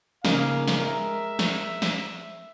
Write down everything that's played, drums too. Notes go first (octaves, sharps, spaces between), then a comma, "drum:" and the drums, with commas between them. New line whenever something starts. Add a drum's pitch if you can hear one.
C#3 A#3 D#4 F5, drum: snare
drum: snare
G#3 A#4 E5
drum: snare
drum: snare